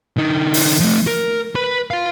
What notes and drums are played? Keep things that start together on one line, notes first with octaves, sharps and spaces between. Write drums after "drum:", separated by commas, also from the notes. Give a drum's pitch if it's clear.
D3 D#4
drum: open hi-hat
F3 A3
A#4
B4 B5
F5 C6